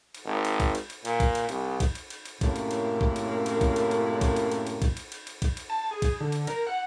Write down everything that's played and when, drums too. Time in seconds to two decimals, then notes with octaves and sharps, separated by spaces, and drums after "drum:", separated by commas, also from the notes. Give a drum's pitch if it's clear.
0.15 drum: cymbal
0.25 G#1
0.45 drum: cymbal
0.60 drum: kick A#1, cymbal
0.75 drum: cymbal
0.90 drum: cymbal
1.05 A#2, drum: cymbal
1.20 drum: kick A#1, cymbal
1.35 drum: cymbal
1.49 C2, drum: cymbal
1.80 drum: kick A#1, cymbal
1.95 drum: cymbal
2.10 drum: cymbal
2.25 drum: cymbal
2.41 F#2 A2 C3 A#3 C#4 E4, drum: kick A#1, cymbal
2.56 drum: cymbal
2.71 drum: cymbal
3.01 drum: kick A#1
3.16 drum: cymbal
3.46 drum: cymbal
3.61 drum: kick A#1, cymbal
3.76 drum: cymbal
3.91 drum: cymbal
4.21 drum: kick A#1, cymbal
4.36 drum: cymbal
4.52 drum: cymbal
4.67 drum: cymbal
4.82 drum: kick A#1, cymbal
4.97 drum: cymbal
5.12 drum: cymbal
5.27 drum: cymbal
5.42 drum: kick A#1, cymbal
5.57 drum: cymbal
5.70 A5
5.91 G#4
6.02 drum: kick A#1, cymbal
6.20 D3
6.32 drum: cymbal
6.47 A#4, drum: cymbal
6.67 F#5